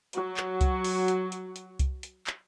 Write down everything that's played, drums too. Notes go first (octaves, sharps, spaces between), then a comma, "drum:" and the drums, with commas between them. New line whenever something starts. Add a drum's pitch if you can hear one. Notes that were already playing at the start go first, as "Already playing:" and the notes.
F#3 F#4, drum: hi-hat
drum: clap
drum: kick C2, hi-hat
drum: open hi-hat
drum: hi-hat
drum: hi-hat
drum: hi-hat
drum: kick C2, hi-hat
drum: hi-hat
drum: clap